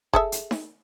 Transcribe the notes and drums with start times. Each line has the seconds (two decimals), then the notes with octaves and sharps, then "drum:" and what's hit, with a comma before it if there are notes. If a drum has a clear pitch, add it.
0.13 G#4 A4 E5, drum: kick F1
0.32 drum: hi-hat
0.51 drum: snare D#4